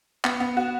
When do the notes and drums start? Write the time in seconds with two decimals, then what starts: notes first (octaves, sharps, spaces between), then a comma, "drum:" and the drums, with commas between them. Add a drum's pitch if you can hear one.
0.24 B3, drum: clap
0.40 B3
0.57 F#4